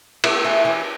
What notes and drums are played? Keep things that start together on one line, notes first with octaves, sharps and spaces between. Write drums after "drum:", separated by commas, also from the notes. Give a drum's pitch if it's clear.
A3, drum: cymbal
E3
E3